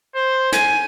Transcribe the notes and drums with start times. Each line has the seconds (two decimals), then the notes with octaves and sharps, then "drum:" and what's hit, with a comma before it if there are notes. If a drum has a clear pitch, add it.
0.15 C5
0.52 G#5, drum: hi-hat